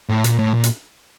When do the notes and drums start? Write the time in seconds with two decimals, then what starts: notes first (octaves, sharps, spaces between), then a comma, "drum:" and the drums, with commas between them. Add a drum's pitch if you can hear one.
0.09 A2
0.24 A#2, drum: hi-hat
0.39 A2
0.54 A#2
0.64 drum: hi-hat